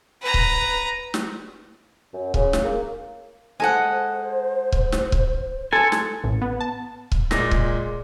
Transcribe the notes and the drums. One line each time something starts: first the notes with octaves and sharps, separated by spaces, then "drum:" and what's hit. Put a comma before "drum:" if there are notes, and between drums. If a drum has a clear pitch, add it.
B4 A#5
drum: kick C#1
drum: snare
F#2
C#3, drum: kick C#1
drum: snare
A#3
G#3 A4 C5 F#5 G#5
drum: kick C#1
drum: snare
drum: kick C#1
A4 G#5 C6
drum: snare
A1
B3
A5
drum: kick C#1
A#2 G#3 A#6, drum: snare
drum: kick C#1